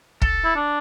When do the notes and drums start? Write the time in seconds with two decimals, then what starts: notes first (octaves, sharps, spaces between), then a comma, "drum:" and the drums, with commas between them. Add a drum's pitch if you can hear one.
0.22 A4, drum: kick
0.45 E4
0.56 D4